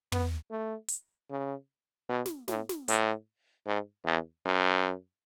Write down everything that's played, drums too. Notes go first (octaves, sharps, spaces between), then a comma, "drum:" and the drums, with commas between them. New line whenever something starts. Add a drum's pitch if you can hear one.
B3, drum: tom
A3
drum: hi-hat
C#3
B2
drum: snare
A2, drum: snare
drum: snare
A2, drum: hi-hat
G#2
E2
F#2